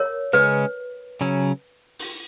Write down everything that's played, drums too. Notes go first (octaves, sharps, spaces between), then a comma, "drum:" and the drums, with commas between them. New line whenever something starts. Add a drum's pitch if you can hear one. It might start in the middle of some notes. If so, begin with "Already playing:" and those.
Already playing: A#4 C#5
C#3 G#3 C#4 B4
C#3 F#3 C#4
drum: open hi-hat